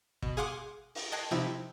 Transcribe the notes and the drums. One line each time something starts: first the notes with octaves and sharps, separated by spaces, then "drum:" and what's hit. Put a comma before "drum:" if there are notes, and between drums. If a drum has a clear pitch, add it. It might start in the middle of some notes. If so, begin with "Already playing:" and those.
B2, drum: kick
G#4 F5 F#5 C6 D6
drum: open hi-hat
D#5 G5 A5 F#6 G#6 C7
C3 F3 C4 D#4 E4